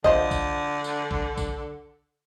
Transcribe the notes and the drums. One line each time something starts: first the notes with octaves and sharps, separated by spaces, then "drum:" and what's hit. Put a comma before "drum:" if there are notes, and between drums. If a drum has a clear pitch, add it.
D3 F3 C5 D#5, drum: kick
drum: kick, tambourine
drum: tambourine
drum: kick
drum: kick, tambourine